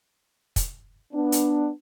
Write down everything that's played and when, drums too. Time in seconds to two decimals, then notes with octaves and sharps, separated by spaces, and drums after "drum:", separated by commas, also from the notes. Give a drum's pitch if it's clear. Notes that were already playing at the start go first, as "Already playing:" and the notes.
0.56 drum: kick, hi-hat
1.13 B3 D4
1.32 drum: hi-hat